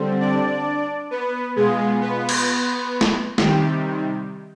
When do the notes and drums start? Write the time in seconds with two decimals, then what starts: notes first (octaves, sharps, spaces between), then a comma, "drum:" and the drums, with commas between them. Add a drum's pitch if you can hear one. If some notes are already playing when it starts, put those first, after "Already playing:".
Already playing: D3 G3 C4
0.20 D4 D5
1.11 B3 B4
1.56 B2 G#3 B3 F4 G#4
2.01 B3 B4
2.29 drum: cymbal
3.01 drum: snare
3.38 C3 D#3 G3 G4, drum: snare